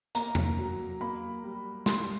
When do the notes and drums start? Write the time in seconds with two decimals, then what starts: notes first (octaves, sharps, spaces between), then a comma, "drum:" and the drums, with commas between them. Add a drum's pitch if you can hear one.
0.15 A#3 A#5, drum: hi-hat
0.35 drum: tom E2
0.58 F#3
1.01 A#3 B5
1.44 G3
1.86 G3 C6, drum: snare